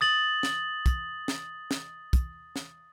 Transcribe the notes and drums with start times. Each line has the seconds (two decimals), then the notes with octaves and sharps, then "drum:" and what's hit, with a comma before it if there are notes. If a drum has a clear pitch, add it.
0.01 D#6 A6 F#7
0.43 drum: snare
0.86 drum: kick, hi-hat
1.28 drum: snare
1.71 drum: snare
2.13 drum: kick, hi-hat
2.56 drum: snare